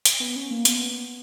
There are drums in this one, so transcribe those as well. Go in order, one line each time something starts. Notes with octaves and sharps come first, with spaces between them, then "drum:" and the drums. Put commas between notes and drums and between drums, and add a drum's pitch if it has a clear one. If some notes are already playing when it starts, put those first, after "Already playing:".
drum: hi-hat
B3
C#4
A#3
B3, drum: hi-hat